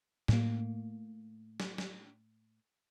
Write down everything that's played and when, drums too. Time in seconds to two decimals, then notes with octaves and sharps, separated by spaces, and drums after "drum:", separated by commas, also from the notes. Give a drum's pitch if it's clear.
0.28 A2 A#3, drum: snare
1.60 drum: snare
1.78 drum: snare